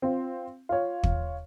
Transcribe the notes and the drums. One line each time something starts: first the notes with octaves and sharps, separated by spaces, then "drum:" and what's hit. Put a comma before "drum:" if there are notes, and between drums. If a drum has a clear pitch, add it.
C4 F4
F4 C#5
drum: kick